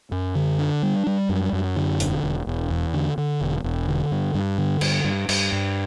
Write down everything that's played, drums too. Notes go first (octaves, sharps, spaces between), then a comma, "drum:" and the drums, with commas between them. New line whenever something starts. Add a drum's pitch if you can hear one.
F#2
D3
D4
G3
G3
F#2
F#2
D3
E1, drum: hi-hat
E1
E1
E2
D3
D3
E1
E1
D3
G2
G2
D3
G2, drum: cymbal
G2
G2, drum: cymbal
G2